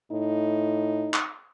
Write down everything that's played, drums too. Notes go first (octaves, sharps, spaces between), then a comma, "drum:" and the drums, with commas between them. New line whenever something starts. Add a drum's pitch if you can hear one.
A2 D#4
drum: clap